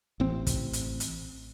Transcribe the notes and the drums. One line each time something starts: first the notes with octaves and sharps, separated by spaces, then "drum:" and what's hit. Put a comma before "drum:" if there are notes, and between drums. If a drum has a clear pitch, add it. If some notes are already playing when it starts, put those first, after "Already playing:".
A1 C4
drum: kick, hi-hat
drum: hi-hat
drum: hi-hat